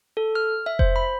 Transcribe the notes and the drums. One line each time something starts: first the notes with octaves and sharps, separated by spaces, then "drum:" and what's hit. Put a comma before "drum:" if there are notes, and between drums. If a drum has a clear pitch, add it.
A4
F6
E5
C5, drum: kick F1
B5